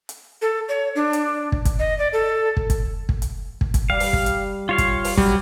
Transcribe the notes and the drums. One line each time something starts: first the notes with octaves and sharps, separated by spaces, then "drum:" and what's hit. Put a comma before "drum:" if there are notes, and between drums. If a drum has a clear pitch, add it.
drum: hi-hat
A4
C#5
D4
drum: hi-hat
drum: kick
drum: kick, hi-hat
D#5
D5
A4
drum: kick
drum: kick, hi-hat
drum: kick
drum: hi-hat
drum: kick
drum: kick, hi-hat
G3 F5
drum: open hi-hat
drum: kick
drum: hi-hat
F4 C#5 F5
drum: kick, hi-hat
drum: open hi-hat
F#3 G3, drum: kick